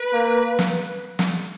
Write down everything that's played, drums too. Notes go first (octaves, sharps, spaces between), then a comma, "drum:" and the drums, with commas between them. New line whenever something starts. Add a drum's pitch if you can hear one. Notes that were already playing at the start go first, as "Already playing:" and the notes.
Already playing: B4
A#3
drum: snare
drum: snare